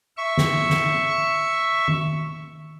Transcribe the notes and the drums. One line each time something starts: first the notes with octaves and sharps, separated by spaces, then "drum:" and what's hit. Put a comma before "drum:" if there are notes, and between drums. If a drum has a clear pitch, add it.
E5 C#6
drum: snare
drum: snare
drum: tom D#3